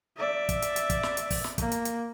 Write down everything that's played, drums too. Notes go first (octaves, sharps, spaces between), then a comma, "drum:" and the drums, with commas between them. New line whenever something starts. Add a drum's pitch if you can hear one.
D5 E5
drum: kick, hi-hat
drum: hi-hat
drum: hi-hat
drum: kick, hi-hat
drum: snare
drum: hi-hat
drum: kick, open hi-hat
drum: snare
A#3, drum: kick, hi-hat
drum: hi-hat
drum: hi-hat